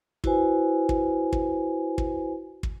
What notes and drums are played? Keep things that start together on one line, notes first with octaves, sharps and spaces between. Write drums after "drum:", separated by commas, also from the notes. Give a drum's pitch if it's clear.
E4 F#4 B4 C5 G#5, drum: kick
drum: kick
drum: kick
drum: kick
drum: kick